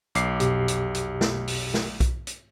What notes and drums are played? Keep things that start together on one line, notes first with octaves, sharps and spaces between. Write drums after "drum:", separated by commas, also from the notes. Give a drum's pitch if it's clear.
B1 D6 C7, drum: hi-hat
F2 B2 G4, drum: hi-hat
drum: hi-hat
drum: hi-hat
drum: snare
drum: open hi-hat
drum: snare
drum: kick B1, hi-hat
drum: hi-hat